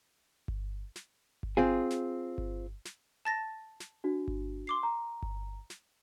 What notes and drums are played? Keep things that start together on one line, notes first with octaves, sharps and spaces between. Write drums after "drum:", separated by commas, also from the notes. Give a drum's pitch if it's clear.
drum: kick G1
drum: snare
drum: kick G1
C4 F4 G#4
drum: snare
drum: kick G1
drum: snare
A5 A6 A#6
drum: snare
D4 F#4
drum: kick G1
C6 D6 C7
A#5
drum: kick G1
drum: snare